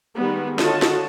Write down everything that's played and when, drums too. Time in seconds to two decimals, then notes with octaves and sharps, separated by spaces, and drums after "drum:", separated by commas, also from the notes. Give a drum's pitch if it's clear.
0.16 D#3 G3 G#3 B3
0.59 D3 F4 F#4 C#5 D#5 A5, drum: snare
0.82 drum: snare